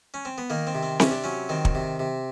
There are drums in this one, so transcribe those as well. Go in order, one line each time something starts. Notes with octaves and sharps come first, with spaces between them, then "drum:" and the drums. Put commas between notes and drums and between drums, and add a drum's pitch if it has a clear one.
C#4
C4
B3
D#3 A#3
C4
C3
C4
C3 C#4, drum: snare C4
D4
F#3 C#4
D#3 C4
drum: kick
C3
C3